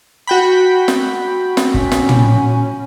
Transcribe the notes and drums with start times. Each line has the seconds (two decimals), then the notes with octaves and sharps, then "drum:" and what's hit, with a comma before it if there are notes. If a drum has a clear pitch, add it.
0.27 F#4 G5 B5
0.88 drum: snare
1.57 drum: snare
1.74 C#4, drum: kick
1.92 drum: snare
2.09 drum: tom